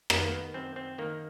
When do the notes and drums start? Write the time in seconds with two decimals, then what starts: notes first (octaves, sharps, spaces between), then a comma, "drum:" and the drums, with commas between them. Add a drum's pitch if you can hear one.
0.10 D#3 A#3, drum: rim click
0.17 B3
0.24 A#3
0.31 B3
0.54 F#2 C4
0.76 C4
0.98 D#3 A#3